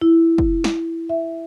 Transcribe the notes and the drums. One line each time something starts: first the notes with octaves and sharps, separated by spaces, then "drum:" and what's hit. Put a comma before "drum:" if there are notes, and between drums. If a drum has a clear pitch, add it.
E4
drum: kick
drum: snare
E5